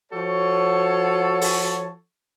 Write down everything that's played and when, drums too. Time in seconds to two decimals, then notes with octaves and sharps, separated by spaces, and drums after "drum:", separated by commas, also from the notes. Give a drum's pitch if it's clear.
0.12 F3 F#4 A4 C#5
1.41 drum: open hi-hat